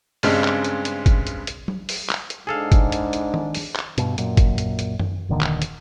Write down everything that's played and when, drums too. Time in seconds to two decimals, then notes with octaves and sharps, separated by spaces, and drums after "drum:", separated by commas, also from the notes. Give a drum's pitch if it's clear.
0.23 G2 C#3 G3 G#3 C4, drum: open hi-hat
0.44 drum: clap
0.64 drum: hi-hat
0.85 drum: hi-hat
1.06 drum: kick, hi-hat
1.27 drum: hi-hat
1.47 drum: hi-hat
1.68 drum: tom
1.89 drum: open hi-hat
2.09 drum: clap
2.30 drum: hi-hat
2.47 G#2 D4 G#4 A4 F5
2.72 drum: kick, hi-hat
2.92 drum: hi-hat
3.13 drum: hi-hat
3.34 drum: tom D#3
3.54 drum: open hi-hat
3.75 drum: clap
3.98 G2 B2, drum: hi-hat
4.18 F#2 A#2, drum: hi-hat
4.37 drum: kick, hi-hat
4.58 drum: hi-hat
4.79 drum: hi-hat
4.99 drum: tom F#2
5.29 D#1 A#2 D3 D#3
5.41 drum: clap
5.62 drum: hi-hat